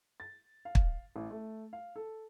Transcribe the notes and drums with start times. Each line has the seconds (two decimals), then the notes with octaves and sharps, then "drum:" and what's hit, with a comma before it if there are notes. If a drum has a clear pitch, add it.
0.20 A6
0.65 F5
0.75 drum: kick
1.16 A1
1.31 A3
1.73 F5
1.96 A4